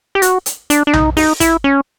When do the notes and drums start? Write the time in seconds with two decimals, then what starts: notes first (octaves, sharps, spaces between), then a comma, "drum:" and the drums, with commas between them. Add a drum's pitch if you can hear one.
0.15 G4
0.22 F#4, drum: hi-hat
0.46 drum: hi-hat
0.70 D4, drum: hi-hat
0.87 D4
0.93 D#4, drum: tom B1
1.17 D#4, drum: open hi-hat
1.40 E4, drum: kick, hi-hat
1.64 C#4